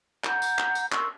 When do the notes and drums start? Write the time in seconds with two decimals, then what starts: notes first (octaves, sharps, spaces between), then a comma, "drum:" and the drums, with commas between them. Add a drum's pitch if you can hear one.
0.24 F#5 A#5 G6, drum: clap
0.42 drum: tambourine
0.59 drum: clap
0.75 drum: tambourine
0.92 A#4 C6 C#6 E6, drum: clap